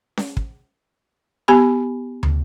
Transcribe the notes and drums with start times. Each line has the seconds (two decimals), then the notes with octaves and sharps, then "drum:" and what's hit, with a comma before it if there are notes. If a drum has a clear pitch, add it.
0.17 drum: snare C#4
0.37 drum: kick
1.48 B3 G4 G#5 B5
2.23 drum: tom